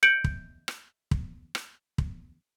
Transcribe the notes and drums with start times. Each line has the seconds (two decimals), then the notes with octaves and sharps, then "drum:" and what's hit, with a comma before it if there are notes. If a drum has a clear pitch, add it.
0.03 G6 C#7 D7 F#7
0.24 drum: kick
0.68 drum: rim click
1.11 drum: kick
1.55 drum: rim click
1.98 drum: kick